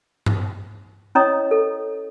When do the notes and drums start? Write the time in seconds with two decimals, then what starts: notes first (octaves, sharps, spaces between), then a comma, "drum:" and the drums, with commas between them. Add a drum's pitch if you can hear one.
0.26 drum: tom G2
1.15 C#4 E4 C#5 D#5 A#5 D#6
1.51 A4